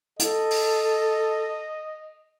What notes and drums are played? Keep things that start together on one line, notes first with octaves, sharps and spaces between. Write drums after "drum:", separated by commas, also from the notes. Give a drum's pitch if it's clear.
A4 D#5, drum: hi-hat
drum: open hi-hat